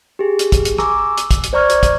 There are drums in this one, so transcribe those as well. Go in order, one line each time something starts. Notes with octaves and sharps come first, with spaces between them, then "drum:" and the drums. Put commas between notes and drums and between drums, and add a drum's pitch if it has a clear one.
G4 G#4
drum: hi-hat
drum: kick, hi-hat
drum: hi-hat
G#5 A#5 C#6 D6 E6, drum: rim click
E6
drum: hi-hat
drum: kick, hi-hat
drum: hi-hat
C5 D5 A#5 C#6 F6 G#6
drum: hi-hat
drum: kick, hi-hat